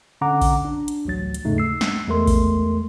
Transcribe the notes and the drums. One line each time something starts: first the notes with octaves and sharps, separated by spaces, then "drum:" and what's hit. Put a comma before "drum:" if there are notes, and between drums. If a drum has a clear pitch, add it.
D3 C#4 F#5 A#5 D6
drum: kick A1, open hi-hat
D4
drum: hi-hat
A1 D2 F#3 A6
drum: hi-hat
D#2 G#2 C#3 A3 D#4
E6 C7
drum: snare
E2 G#3 A3 A#4 C6
drum: kick A1, open hi-hat